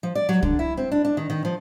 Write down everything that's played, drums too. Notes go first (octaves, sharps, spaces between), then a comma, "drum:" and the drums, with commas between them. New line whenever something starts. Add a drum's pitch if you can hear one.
F3
D5
F#3
D3, drum: kick
E4
C4
D4
D4
D#3
D#3
F3